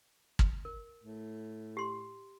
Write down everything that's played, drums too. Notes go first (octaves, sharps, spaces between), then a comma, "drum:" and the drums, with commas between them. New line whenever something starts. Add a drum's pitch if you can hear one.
drum: kick
A#4
A2
G4 C6